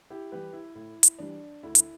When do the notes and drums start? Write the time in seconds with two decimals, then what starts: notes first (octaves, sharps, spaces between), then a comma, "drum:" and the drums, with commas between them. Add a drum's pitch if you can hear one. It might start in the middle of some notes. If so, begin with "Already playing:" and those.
0.10 E4 G4
0.32 E3 G3 G4 B4
0.53 E4
0.75 A2 E4
1.03 drum: hi-hat
1.19 E3 G3 D4
1.63 D2 E4
1.75 drum: hi-hat